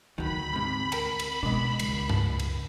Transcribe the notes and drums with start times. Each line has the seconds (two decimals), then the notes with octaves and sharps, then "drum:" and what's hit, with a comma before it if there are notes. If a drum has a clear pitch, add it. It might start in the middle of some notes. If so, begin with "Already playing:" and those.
0.18 D2 D#3 F#3 B5
0.53 G#2 C3
0.92 A#4 G5 A#5, drum: cymbal
1.19 drum: cymbal
1.43 B2 G#3 D4
1.79 C#2, drum: cymbal
2.09 drum: tom G2
2.39 drum: cymbal